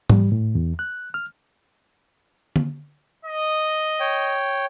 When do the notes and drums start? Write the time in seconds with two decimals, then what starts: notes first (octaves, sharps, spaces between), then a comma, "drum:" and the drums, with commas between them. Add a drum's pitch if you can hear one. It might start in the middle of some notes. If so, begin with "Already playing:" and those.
0.10 G3, drum: tom G#2
0.32 A2
0.55 E2
0.79 F#6
1.14 F6
2.56 drum: tom D3
3.25 D#5
4.00 C#5 G5